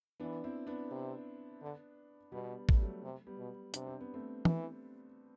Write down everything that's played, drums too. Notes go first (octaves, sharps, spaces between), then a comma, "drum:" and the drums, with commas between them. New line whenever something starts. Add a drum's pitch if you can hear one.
E3 B3 D4
C4 E4
B3 D4
C3
D3
B2 G3 B3
A3, drum: kick
G3
F#3 A3
C3
G3 B3
B2
C3 D4, drum: hi-hat
C4
B3
A3 C4
E3, drum: tom E3